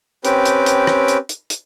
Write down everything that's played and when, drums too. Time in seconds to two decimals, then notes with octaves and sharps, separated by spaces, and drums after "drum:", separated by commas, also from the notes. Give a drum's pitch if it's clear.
0.25 C4 C#4 G4 B4 D6, drum: hi-hat
0.45 drum: hi-hat
0.66 drum: hi-hat
0.87 drum: rim click
1.08 drum: hi-hat
1.29 drum: hi-hat
1.50 drum: hi-hat